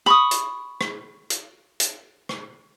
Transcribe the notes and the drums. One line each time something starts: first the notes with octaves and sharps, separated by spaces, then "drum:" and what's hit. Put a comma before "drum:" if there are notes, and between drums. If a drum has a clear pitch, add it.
B5 C#6 D#6
drum: hi-hat
drum: rim click
drum: hi-hat
drum: hi-hat
drum: rim click